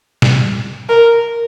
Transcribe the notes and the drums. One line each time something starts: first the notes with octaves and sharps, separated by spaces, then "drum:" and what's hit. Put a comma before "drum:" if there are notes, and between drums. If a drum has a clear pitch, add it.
drum: snare
A#4